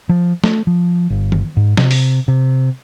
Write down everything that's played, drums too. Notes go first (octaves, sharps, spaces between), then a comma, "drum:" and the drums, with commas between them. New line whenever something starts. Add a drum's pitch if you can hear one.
F3
A3, drum: snare
F3
G1
drum: tom D#3
G#2
C3, drum: snare
drum: open hi-hat
C3